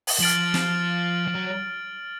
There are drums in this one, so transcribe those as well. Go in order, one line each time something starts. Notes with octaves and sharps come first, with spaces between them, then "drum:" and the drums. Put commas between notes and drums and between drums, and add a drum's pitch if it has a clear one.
drum: open hi-hat
F3 F6 A6 D7 F#7
drum: snare
F3
F#3